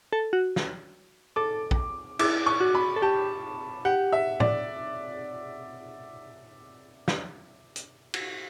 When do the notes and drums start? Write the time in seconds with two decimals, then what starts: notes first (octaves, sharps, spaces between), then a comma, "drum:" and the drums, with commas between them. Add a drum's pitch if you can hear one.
0.13 A4
0.33 F#4
0.56 drum: snare
1.36 A4 D6
1.71 drum: kick A#1
2.19 E4 D6, drum: cymbal
2.46 C#6
2.61 F#4
2.75 B5
2.96 A4
3.02 G4 A5
3.85 G4 F#5
4.12 E5
4.40 D5, drum: tom A2
7.08 drum: snare
7.76 drum: hi-hat
8.14 drum: cymbal